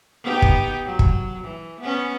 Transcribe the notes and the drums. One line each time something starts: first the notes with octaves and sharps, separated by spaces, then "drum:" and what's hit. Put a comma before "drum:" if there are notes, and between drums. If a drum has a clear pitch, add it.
B3 D#4 G4
drum: kick
F#3
drum: kick
E3
B3 C#4